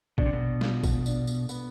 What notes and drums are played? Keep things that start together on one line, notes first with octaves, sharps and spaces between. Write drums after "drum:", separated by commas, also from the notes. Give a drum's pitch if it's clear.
B2 D4, drum: kick A#1
C3
B2
F4, drum: snare
drum: kick A#1, tambourine
D4, drum: tambourine
drum: tambourine
B3, drum: tambourine